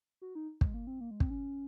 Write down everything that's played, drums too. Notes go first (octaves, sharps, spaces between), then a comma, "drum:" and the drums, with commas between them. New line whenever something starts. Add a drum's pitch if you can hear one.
F#4
D#4
G#3, drum: kick
A#3
C4
A#3
G#3
C4, drum: kick
C#4